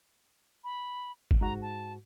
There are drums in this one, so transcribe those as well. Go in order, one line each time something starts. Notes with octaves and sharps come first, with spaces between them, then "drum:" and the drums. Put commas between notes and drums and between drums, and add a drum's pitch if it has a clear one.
B5
drum: kick
G#2 F#4 A#5
A5